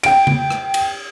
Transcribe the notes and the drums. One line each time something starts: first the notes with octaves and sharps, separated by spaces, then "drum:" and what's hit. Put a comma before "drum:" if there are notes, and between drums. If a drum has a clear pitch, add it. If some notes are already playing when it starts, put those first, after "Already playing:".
G5 D7, drum: cymbal
drum: tom C#3
drum: rim click
drum: cymbal